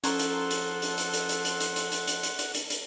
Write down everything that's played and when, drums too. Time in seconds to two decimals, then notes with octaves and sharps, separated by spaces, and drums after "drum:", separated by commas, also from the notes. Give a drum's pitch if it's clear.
0.04 F3 C#4 A4 F#5 A#5 C6, drum: hi-hat
0.19 drum: hi-hat
0.51 drum: hi-hat
0.82 drum: hi-hat
0.98 drum: hi-hat
1.13 drum: hi-hat
1.29 drum: hi-hat
1.45 drum: hi-hat
1.60 drum: hi-hat
1.76 drum: hi-hat
1.92 drum: hi-hat
2.07 drum: hi-hat
2.23 drum: hi-hat
2.39 drum: hi-hat
2.54 drum: hi-hat
2.70 drum: hi-hat